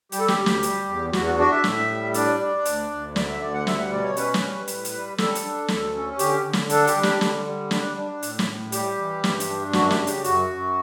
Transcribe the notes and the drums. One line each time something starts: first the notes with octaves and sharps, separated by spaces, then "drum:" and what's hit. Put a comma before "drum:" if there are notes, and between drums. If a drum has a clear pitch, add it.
G3 G4, drum: hi-hat
A4
G4, drum: snare
D2
drum: snare
G3, drum: hi-hat
E2
E2 F#4, drum: snare
F#4
D4 F#4
E5
A2, drum: snare
G3
D4 D5, drum: hi-hat
D4
D2, drum: hi-hat
D2
D3 D5, drum: snare
E5
D2 D5
F#5
G3 E5, drum: snare
F#5
B2 D5
C#5
C#4 B4, drum: hi-hat
drum: snare
G3
A2, drum: hi-hat
drum: hi-hat
G3
G3 A4, drum: snare
drum: hi-hat
D4
D2, drum: snare
C#4
D3 G4, drum: hi-hat
D3
drum: snare
D4 A4, drum: hi-hat
G4, drum: hi-hat
G3
G4, drum: snare
D3, drum: snare
G3
D4, drum: snare
D4
A2, drum: hi-hat
drum: snare
A2
G3 G4, drum: hi-hat
E3
G2, drum: snare
drum: hi-hat
D4
F#2 F#4, drum: snare
G4, drum: snare
C#3
G4, drum: hi-hat
F#2 F#4, drum: hi-hat
F#2